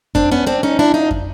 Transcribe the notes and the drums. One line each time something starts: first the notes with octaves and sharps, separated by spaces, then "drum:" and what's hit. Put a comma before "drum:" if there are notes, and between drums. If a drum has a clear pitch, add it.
C4 D4, drum: kick F2
B3 C#4
C4 D4
C#4 D#4
D4 E4
D#4 F4
drum: kick F2